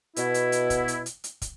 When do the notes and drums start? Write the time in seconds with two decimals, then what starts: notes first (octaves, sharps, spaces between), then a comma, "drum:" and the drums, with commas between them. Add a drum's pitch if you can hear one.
0.16 B2 E4, drum: hi-hat
0.34 drum: hi-hat
0.52 drum: hi-hat
0.70 drum: kick, hi-hat
0.88 drum: hi-hat
1.06 drum: hi-hat
1.24 drum: hi-hat
1.42 drum: kick, hi-hat